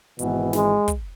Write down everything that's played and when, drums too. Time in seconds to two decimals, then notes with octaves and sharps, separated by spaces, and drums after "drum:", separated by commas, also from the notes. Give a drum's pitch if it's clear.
0.19 G#1 G#2 B2 E3 B3, drum: hi-hat
0.53 G#3, drum: snare
0.88 drum: kick, hi-hat